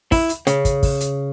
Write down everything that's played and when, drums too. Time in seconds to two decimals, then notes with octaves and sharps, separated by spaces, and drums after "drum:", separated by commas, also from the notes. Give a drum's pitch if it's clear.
0.12 E4, drum: kick, open hi-hat
0.29 drum: hi-hat
0.47 C#3, drum: hi-hat
0.65 drum: kick, hi-hat
0.83 drum: kick, open hi-hat
1.00 drum: hi-hat